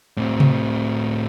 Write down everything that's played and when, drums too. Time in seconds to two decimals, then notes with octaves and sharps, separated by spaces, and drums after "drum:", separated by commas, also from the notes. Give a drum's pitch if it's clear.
0.17 A2 C4
0.40 drum: tom C3